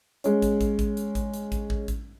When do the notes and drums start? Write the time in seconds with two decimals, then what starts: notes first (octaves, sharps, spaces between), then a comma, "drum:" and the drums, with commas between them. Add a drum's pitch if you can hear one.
0.24 G#3 C#4, drum: hi-hat
0.42 drum: kick, hi-hat
0.61 drum: kick, hi-hat
0.79 drum: kick, hi-hat
0.97 drum: hi-hat
1.15 drum: kick, hi-hat
1.34 drum: hi-hat
1.52 drum: kick, hi-hat
1.70 drum: kick
1.88 drum: kick, hi-hat